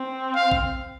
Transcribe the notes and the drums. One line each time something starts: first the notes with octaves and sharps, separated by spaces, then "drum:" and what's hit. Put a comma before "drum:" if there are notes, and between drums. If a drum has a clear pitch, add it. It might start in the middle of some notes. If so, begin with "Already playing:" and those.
Already playing: C4
F5
drum: kick A#1